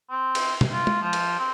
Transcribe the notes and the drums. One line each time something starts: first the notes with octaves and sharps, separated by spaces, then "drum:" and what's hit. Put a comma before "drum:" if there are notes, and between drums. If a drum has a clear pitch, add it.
C4
drum: cymbal
drum: tom
F4
drum: tom G#3
F3
drum: cymbal
C4